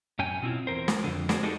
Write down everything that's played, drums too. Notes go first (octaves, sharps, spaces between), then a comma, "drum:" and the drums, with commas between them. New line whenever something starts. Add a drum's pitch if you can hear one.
F#2 C#4 G5 G#5
B2 C4 E4 F4
E2 A#4 C5
drum: snare
F2 D3
D4 F#4 G#4 A#4 C5, drum: snare
G#3 D4 D#4 F#4 G4 A4